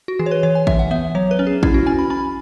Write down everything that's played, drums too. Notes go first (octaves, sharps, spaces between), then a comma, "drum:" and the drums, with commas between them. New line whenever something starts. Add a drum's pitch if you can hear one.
F#4
E3 G#4
C#5
B4
E3 C#5
G#5
E3 E5, drum: kick A1
F#5
B3 E5
F#3 C#5
B4
C#4
G#4
C#4 E4, drum: kick A1
F#4
C#4 G#5
B5
C#4 B5